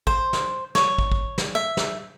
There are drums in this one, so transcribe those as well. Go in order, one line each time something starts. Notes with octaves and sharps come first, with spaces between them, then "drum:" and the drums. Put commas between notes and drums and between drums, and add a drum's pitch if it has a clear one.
C5, drum: kick
drum: snare
C#5, drum: snare
drum: kick
drum: kick
drum: snare
E5
drum: snare